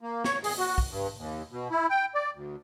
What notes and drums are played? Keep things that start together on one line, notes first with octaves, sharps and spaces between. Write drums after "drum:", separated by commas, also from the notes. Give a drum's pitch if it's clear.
A#3
C#5, drum: snare
G#4, drum: open hi-hat
F#4
drum: kick
G2
D#2
B2
E4
G5
D5
D2